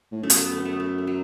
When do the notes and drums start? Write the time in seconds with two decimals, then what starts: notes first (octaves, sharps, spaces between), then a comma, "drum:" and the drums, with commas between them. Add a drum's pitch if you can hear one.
0.12 A2
0.23 F#2 A3
0.30 B3, drum: hi-hat
0.38 A3
0.45 B3
0.51 A3
0.58 B3
0.65 A3
0.73 B3
0.80 A3
0.98 A3
1.07 F#3